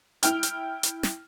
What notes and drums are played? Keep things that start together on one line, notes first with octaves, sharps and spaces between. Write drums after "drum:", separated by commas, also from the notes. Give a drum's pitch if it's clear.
E4 G5 F6, drum: hi-hat
drum: hi-hat
drum: hi-hat
drum: snare